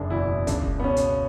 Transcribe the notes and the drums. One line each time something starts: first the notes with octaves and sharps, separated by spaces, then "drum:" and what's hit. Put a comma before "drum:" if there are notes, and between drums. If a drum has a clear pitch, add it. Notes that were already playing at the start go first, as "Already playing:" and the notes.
Already playing: F#1 D4
E2 B2 E4
C#2 D4, drum: kick, hi-hat
B3
B2 C#4
drum: hi-hat